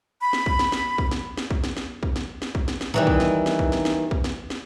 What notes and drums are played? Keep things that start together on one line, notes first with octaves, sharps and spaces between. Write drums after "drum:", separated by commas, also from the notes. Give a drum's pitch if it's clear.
B5
drum: snare
drum: kick
drum: snare
drum: snare
drum: kick
drum: snare
drum: snare
drum: kick
drum: snare
drum: snare
drum: kick
drum: snare
drum: snare
drum: kick
drum: snare
drum: snare
D#3 E3 G3
drum: kick
drum: snare
drum: snare
drum: kick
drum: snare
drum: snare
drum: kick
drum: snare
drum: snare